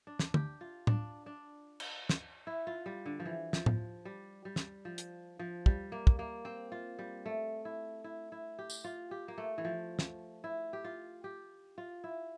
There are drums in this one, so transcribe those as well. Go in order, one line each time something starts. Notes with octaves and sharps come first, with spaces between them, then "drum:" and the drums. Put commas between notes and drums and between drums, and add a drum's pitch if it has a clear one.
D4
drum: snare
G4, drum: tom D3
F4
D4, drum: tom A2
D4
drum: cymbal
drum: snare
E4
F4
G3
D3
F3
E3
F3, drum: snare
drum: tom A2
G3
G3
drum: snare
F3
drum: hi-hat
F3
G3, drum: kick
A#3
drum: kick
A#3
C4
F4
G3
A3
E4
E4
E4
G4
drum: tambourine
F4
G4
A#3
A3
E3
F3
drum: snare
E4
G4
F4
G4
F4
E4